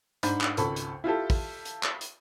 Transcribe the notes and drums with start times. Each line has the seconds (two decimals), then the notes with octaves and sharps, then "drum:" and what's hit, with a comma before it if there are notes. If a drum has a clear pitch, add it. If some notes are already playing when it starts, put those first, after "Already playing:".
0.23 G#2 D4 B5 G6, drum: hi-hat
0.41 drum: clap
0.57 G#1 C#2 A4 B5 C#6, drum: hi-hat
0.76 drum: hi-hat
1.04 E4 F4 G4 A4
1.30 drum: kick, open hi-hat
1.65 drum: hi-hat
1.83 drum: clap
2.01 drum: hi-hat